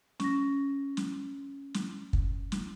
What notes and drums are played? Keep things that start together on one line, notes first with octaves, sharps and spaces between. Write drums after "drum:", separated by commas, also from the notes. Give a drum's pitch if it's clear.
C#4 A#6, drum: snare
drum: snare
drum: snare
drum: kick
drum: snare